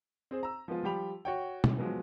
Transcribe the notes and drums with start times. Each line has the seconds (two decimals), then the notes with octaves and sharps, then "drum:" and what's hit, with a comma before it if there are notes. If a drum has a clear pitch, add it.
0.31 C4 G#4 C5
0.43 A#5 E6
0.68 F3 G#3 B3 F4
0.83 F3 G3 G4 G5 B5 F7
1.25 F#4 C#5 G5
1.64 drum: tom
1.78 F3 F#3 G#3 B3